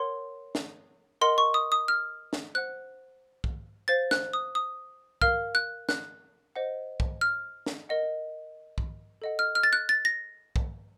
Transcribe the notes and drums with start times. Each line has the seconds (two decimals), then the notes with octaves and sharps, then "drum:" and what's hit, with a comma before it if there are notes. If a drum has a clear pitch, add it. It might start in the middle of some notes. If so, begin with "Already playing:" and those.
Already playing: A#4 C#5 F#5 C6
0.55 drum: snare
1.21 A#4 D#5 F#5 C6
1.38 C#6
1.54 D#6
1.72 D#6
1.88 F6
2.33 drum: snare
2.55 C5 F#5 F#6
3.44 drum: kick
3.88 C5 F5 A6
4.11 F#6, drum: snare
4.33 D#6
4.55 D#6
5.22 A#4 F5 F6, drum: kick
5.55 F#6
5.89 F#6, drum: snare
6.56 C5 D#5 F#5
7.00 drum: kick
7.21 F6
7.66 drum: snare
7.89 A#4 D#5 F#5
8.78 drum: kick
9.22 A4 D#5 F#5
9.39 F6
9.55 F6
9.63 A6
9.73 F#6
9.89 A6
10.05 A#6
10.56 drum: kick